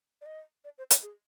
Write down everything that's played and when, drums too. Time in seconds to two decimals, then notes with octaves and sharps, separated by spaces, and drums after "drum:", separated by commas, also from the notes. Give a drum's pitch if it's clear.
0.21 D5
0.26 D#5
0.64 D5
0.78 C5
0.91 C#5, drum: hi-hat
1.03 G#4